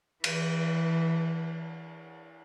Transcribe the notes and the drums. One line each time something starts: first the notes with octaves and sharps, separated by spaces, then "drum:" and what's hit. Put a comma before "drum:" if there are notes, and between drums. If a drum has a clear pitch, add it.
E3, drum: cymbal